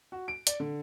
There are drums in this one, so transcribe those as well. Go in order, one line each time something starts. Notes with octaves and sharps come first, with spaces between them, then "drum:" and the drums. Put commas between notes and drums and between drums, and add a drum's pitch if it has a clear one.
F#4
D7
D5, drum: hi-hat
D3